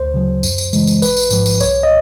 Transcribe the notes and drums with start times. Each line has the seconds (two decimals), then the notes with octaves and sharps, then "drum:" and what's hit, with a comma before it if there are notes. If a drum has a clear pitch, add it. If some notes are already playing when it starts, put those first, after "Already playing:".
Already playing: D2 C5
0.14 C#3 F#3
0.43 F#2, drum: tambourine
0.58 drum: tambourine
0.73 C#3 E3 G#3, drum: tambourine
0.87 drum: tambourine
1.02 A1 B4, drum: tambourine
1.17 drum: tambourine
1.31 G#2 F3, drum: tambourine
1.46 drum: tambourine
1.60 C2 C#5, drum: tambourine
1.83 D#5